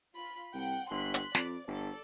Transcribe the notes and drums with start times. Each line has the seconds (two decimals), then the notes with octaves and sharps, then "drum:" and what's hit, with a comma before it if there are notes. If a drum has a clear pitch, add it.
0.14 F4 B5
0.54 C2 F#5 G5
0.90 G1 C6 F#6 B6
1.14 drum: hi-hat
1.35 F2 D5, drum: snare
1.68 G1 A4 D5